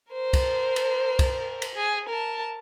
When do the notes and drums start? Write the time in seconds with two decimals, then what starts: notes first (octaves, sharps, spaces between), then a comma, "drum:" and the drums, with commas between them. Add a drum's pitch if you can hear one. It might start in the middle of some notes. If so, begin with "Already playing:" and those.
0.12 A#4 C5
0.33 drum: kick, cymbal
0.76 drum: cymbal
1.19 drum: kick, cymbal
1.62 drum: cymbal
1.75 G#4
2.08 A#4 A5